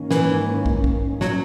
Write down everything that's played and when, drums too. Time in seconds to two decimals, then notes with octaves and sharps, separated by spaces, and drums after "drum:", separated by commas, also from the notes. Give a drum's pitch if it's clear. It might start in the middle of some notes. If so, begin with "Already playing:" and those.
Already playing: G#2 D#3 A#3 C#4
0.11 E3, drum: snare
0.66 drum: kick
0.84 drum: kick
1.21 F#3, drum: snare